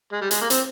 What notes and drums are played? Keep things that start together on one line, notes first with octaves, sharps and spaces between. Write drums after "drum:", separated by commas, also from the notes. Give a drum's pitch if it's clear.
G#3
G3
G#3, drum: hi-hat
A#3
C4, drum: hi-hat